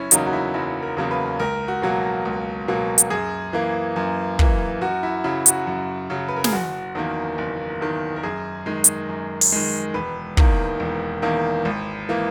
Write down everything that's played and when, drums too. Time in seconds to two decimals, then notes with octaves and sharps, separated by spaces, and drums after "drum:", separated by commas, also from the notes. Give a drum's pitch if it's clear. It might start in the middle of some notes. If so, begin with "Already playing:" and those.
Already playing: F#1 C#4 E4
0.11 E2 C#3 F#3 A#3 D#4, drum: hi-hat
0.26 F#4
0.33 E4
0.54 F#1 E4
0.83 A#4
0.97 E2 C#3 F#3 A#3
1.11 B4
1.40 C#2 A#4
1.68 F#4
1.82 B2 F#3 A#3
2.25 C#2
2.68 B2 F#3 A#3
2.98 drum: hi-hat
3.10 F#2 G#4
3.53 E3 A#3
3.96 F#2
4.39 E3 A#3, drum: kick
4.81 F#2 F#4
5.03 E4
5.24 C#3 F#3 E4
5.46 F#4, drum: hi-hat
5.67 F#2
6.10 C#3 F#3
6.28 B4
6.36 A#4
6.44 G#4, drum: snare
6.52 F#1 F#4
6.95 E2 D#3 A#3
7.38 F#1
7.81 E2 D#3 A#3
8.16 A#4
8.23 F#2 G#4
8.66 D#3 G#3
8.84 drum: hi-hat
9.09 F#2
9.41 drum: open hi-hat
9.52 D#3 G#3
9.94 E1 B4
10.37 E2 D#3 A#3, drum: kick
10.80 E1
11.22 E2 D#3 A#3
11.65 G#1
12.09 E3 A#3